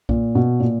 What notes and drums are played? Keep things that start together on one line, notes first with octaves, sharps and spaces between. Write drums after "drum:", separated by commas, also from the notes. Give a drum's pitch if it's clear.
A#2, drum: kick B1
B2
A#2